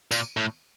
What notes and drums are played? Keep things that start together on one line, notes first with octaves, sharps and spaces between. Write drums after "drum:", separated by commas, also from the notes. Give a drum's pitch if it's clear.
A#2, drum: tambourine
A2